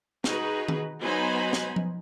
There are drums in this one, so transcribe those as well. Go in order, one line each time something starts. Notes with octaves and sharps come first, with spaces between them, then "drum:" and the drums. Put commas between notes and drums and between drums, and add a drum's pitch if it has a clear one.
D#4 F#4 G#4 B4, drum: snare
drum: tom D#3
F#3 B3 D#4 C5 G#5 B5
drum: snare
drum: tom F3